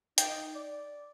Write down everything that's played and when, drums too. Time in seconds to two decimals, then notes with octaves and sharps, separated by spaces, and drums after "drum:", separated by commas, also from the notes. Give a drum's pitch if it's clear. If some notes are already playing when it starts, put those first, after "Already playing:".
0.18 D#4 G5, drum: hi-hat
0.55 D5